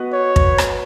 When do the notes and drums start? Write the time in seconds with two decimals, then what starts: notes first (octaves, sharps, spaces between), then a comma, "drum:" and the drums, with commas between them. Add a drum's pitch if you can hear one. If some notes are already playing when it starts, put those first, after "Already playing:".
Already playing: B3 F#4 B4 D#5
0.13 C#5
0.36 drum: kick
0.58 drum: rim click